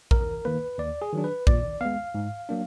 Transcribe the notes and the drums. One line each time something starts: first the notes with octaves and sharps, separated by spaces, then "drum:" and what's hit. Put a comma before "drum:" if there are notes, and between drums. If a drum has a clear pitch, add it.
D#2 A#4, drum: kick A#1
D#3 A#3 B4
D#2 D5
G#4
D#3 F#3 D4
B4
A#2 D5, drum: kick A#1
G#3 B3 F5
G#2
F#3 A#3 D4